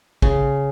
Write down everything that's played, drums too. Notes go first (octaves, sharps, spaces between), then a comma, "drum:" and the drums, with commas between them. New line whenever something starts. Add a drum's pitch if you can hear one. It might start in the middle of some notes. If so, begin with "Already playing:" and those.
C#3, drum: kick